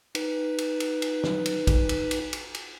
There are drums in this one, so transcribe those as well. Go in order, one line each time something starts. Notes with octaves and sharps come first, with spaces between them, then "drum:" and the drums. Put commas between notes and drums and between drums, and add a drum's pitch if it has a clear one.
D#4 B4, drum: cymbal
drum: cymbal
drum: cymbal
drum: cymbal
drum: snare
drum: cymbal
drum: kick, cymbal
drum: cymbal
drum: cymbal
drum: cymbal
drum: cymbal